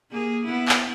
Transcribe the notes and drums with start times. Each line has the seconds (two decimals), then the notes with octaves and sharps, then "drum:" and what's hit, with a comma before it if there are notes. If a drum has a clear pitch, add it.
0.11 A#3 G#4
0.45 B3 E4
0.68 drum: clap